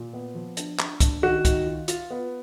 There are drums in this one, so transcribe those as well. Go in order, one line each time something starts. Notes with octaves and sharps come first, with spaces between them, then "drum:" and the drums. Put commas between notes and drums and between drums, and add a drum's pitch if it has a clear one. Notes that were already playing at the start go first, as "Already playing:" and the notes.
Already playing: A#2
B3
F3
D4, drum: hi-hat
D4, drum: clap
D4, drum: kick C2, hi-hat
D#3 F#4
D#3, drum: kick C2, hi-hat
F4
F4, drum: hi-hat
B3